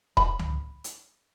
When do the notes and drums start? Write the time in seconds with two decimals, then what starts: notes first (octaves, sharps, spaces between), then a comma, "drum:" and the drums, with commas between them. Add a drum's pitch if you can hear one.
0.17 B5, drum: kick D#1
0.39 drum: tom C#2
0.84 drum: hi-hat